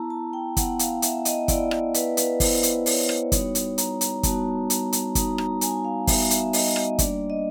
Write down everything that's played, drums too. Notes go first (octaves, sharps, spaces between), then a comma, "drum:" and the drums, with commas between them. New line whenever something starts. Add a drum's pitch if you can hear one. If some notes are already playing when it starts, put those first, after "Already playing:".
Already playing: B3 E4 A5 A#5
A5
G5
B3 E4 F#5, drum: kick, hi-hat
F5, drum: hi-hat
E5, drum: hi-hat
D#5, drum: hi-hat
B3 E4 D5, drum: kick, hi-hat
drum: rim click
B4, drum: hi-hat
B4, drum: hi-hat
B3 E4 C5, drum: kick, open hi-hat
drum: hi-hat
C#5, drum: open hi-hat
drum: rim click
G3 B3 D#4 F#4 C#5, drum: kick, hi-hat
drum: hi-hat
A#5, drum: hi-hat
A#5, drum: hi-hat
G3 B3 D#4 F#4 A5, drum: kick, hi-hat
A#5, drum: hi-hat
drum: hi-hat
G3 B3 D#4 F#4 A#5, drum: kick, hi-hat
A#5, drum: rim click
G#5, drum: hi-hat
F5
G3 B3 D#4 F#4 E5, drum: kick, open hi-hat
E5, drum: hi-hat
D#5, drum: open hi-hat
D#5, drum: rim click
G3 A#3 D4 D5, drum: kick, hi-hat
D#5